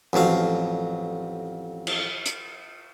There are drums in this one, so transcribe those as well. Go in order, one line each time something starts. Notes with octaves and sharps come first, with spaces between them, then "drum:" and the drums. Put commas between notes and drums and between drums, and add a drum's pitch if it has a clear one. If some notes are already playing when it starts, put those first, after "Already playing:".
A1 F2 F#3 F5
drum: cymbal
drum: hi-hat